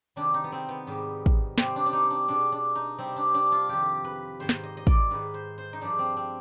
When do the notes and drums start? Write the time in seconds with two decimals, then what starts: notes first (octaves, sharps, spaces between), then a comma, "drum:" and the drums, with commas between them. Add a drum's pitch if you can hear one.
0.16 C3 D#3 G3 D4
0.34 D#4
0.44 B3
0.52 C4
0.69 B3
0.87 G#2 D#3 G3
1.26 drum: kick
1.58 C3 G3 C4, drum: snare
1.76 D4
1.86 D4
1.93 D#4
2.10 D4
2.28 B2 G#3 D4
2.52 D4
2.75 D#4
2.98 C3 G3 C4
3.16 D4
3.34 D4
3.52 F4
3.69 F2 C3 D#3 G4
4.04 B4
4.40 G#2 D#3 G#3 C5
4.49 drum: snare
4.63 D#5
4.77 D#5
4.87 D5, drum: kick
5.10 G#2 D#3 G#3 B4
5.34 C5
5.58 C5
5.73 D#4
5.81 G2 F3 G#3 D4
5.99 C4
6.17 C4